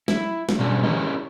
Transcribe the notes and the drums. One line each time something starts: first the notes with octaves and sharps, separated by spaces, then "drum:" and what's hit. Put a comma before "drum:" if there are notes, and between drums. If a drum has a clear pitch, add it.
E4, drum: snare
drum: snare
B2 G3 C#4 D4 G#4 A4
C#4 E4 G4 G#4 A#4 D#5, drum: tom D3